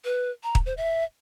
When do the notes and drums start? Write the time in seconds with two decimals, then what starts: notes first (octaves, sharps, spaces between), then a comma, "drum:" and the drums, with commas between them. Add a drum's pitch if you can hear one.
0.05 B4
0.43 A#5
0.55 drum: kick
0.66 C5
0.77 E5